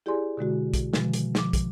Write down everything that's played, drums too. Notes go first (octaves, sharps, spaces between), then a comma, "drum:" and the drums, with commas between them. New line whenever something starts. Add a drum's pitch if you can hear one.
E4 G4 G#4 D5 G#5 C6
B2 D3 G#3 F#4
drum: kick, hi-hat
B2 D3 D#3 F3 G#3, drum: snare
drum: hi-hat
F3 D6, drum: snare
drum: kick, hi-hat